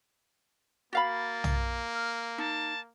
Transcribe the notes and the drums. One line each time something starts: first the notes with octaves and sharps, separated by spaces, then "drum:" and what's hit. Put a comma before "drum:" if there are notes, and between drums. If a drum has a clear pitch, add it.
A#3 F#4 F5 B5 A6
drum: tom
F6
D#4 A5